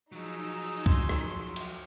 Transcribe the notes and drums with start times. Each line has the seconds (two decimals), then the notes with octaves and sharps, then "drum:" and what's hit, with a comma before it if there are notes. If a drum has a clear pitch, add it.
0.12 F3 F#3 D#4 G#4 E6
0.86 C6, drum: kick C#2
1.09 drum: rim click
1.56 drum: cymbal